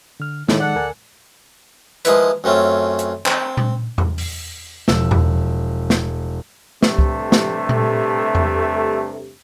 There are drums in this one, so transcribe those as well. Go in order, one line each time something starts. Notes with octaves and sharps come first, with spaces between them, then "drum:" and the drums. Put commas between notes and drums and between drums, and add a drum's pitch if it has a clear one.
D3 F6
A2 D#3 G#3 D#4, drum: snare
A4 D5 F#5
D2 A#4 G#5
F3 G#3 A#3 E4 B4, drum: hi-hat
F#2 A3 C4 C#4 F4
drum: hi-hat
C4, drum: clap
drum: tom A#2
drum: tom E2
drum: open hi-hat
E1 F3 E6, drum: snare
drum: tom E2
drum: snare
G2 C3 A3, drum: snare
drum: kick C2
drum: snare
drum: tom A#2
drum: tom E2